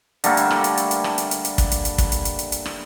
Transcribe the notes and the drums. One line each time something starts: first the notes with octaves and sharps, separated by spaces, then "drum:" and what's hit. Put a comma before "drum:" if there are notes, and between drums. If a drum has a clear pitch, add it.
D3 G3 A3 A#3, drum: hi-hat
drum: hi-hat
drum: rim click
drum: hi-hat
drum: hi-hat
drum: hi-hat
drum: rim click
drum: hi-hat
drum: hi-hat
drum: hi-hat
drum: kick, hi-hat
drum: hi-hat
drum: hi-hat
drum: kick, hi-hat
drum: hi-hat
drum: hi-hat
drum: hi-hat
drum: hi-hat
drum: rim click